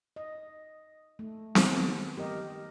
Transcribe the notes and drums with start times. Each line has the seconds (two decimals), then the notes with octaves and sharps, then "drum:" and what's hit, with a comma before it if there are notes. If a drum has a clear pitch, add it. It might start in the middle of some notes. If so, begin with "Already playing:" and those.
0.16 D#5
1.19 A3
1.55 D#3 B3, drum: snare C4
2.18 G4 A#4 D#5